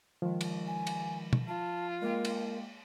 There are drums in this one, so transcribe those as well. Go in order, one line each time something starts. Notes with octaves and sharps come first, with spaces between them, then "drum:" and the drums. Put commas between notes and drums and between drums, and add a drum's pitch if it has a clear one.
D#3 F3 G#3
drum: cymbal
G#5
drum: cymbal
drum: tom
F4 A5
G#3 A#3 A#4 G5
drum: cymbal